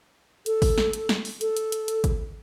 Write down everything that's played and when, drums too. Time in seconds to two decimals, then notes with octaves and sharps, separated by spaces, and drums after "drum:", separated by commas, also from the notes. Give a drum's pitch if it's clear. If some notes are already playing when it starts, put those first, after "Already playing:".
0.46 A4, drum: hi-hat
0.62 drum: kick G#1, open hi-hat
0.78 drum: snare
0.93 drum: hi-hat
1.09 drum: snare
1.25 drum: open hi-hat
1.41 A4, drum: hi-hat
1.57 drum: hi-hat
1.72 drum: hi-hat
1.88 drum: hi-hat
2.04 drum: kick G#1, hi-hat